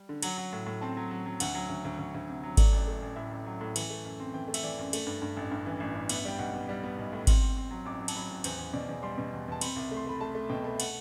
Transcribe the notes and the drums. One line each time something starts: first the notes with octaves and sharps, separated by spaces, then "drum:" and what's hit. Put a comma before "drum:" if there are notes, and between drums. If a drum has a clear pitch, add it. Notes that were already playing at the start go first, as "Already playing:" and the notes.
Already playing: G3
D3
F#3 F#5, drum: cymbal
F#3
A2
A2
C4 A5
F#3
F#3
F#3
D2 F#5, drum: cymbal
F#3
D2
D2
D2
D2
C3
F#3
A3 D5, drum: kick G#1, cymbal
A1
A3
A1
A2 E5
A1
F#3
A2
E3, drum: cymbal
A3
F#2
C4
E3 G5
A3
E5, drum: cymbal
E3 D5
F#2
A3, drum: cymbal
G2
G2
A1
G2
E3
A1
G2
B3 E5, drum: cymbal
G3 G5
B1 F#5
B3
G3
B3
B1
A2
C4, drum: kick G#1, cymbal
C4
C4
F#3
A1 D6
F#3
A5, drum: cymbal
F#3 B5
A1
E2 C5, drum: cymbal
E2
B2 D5
E2
G3 C6
B2
E2
E2 A5
C4 B5, drum: cymbal
C2
A3
C6
A3 B5
A3 A5
A3
B2 G5
A3
F#5, drum: cymbal